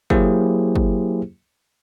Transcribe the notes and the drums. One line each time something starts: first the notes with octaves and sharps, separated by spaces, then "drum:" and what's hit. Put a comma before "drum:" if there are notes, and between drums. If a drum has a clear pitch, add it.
F#3 A#3 E4 G4 G#4 C5, drum: kick
drum: kick